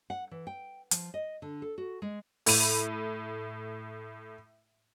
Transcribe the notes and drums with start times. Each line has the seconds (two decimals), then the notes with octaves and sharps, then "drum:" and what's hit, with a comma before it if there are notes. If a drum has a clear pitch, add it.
0.10 F#5
0.31 E3
0.47 G5
0.91 F3, drum: hi-hat
1.14 D#5
1.42 D3
1.62 A4
1.78 F#4
2.02 G#3
2.46 A2 B5 D#7, drum: open hi-hat